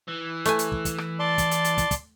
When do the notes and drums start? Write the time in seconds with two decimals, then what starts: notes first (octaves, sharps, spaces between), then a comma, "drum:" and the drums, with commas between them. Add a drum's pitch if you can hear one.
0.08 E3
0.46 A3 G#5, drum: hi-hat
0.59 drum: hi-hat
0.72 drum: kick
0.85 drum: kick, hi-hat
0.98 drum: rim click
1.19 D5 A5 C6
1.38 drum: kick, hi-hat
1.51 drum: hi-hat
1.64 drum: hi-hat
1.78 drum: kick, hi-hat
1.91 drum: kick, hi-hat